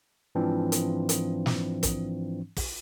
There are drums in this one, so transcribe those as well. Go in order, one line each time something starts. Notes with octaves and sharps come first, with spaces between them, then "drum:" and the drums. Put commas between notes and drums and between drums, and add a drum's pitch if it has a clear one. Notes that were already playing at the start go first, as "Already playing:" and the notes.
G#2 E3 F3 C4 D4
drum: hi-hat
drum: hi-hat
drum: snare
drum: kick, hi-hat
drum: kick, open hi-hat